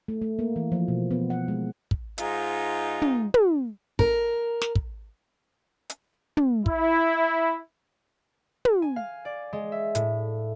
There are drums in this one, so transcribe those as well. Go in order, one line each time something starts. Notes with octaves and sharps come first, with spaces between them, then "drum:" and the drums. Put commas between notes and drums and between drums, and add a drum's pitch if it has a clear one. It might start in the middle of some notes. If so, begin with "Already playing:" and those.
A3
A3
A#3
E3
F3
B2
B3
F#5
G#3
drum: kick
G#2 D#4 F4, drum: hi-hat
drum: tom
drum: tom
A#4, drum: kick
drum: snare
drum: kick
drum: hi-hat
drum: tom
E4, drum: kick
drum: tom
G#5
F5
D5
G#3
E5
A2, drum: hi-hat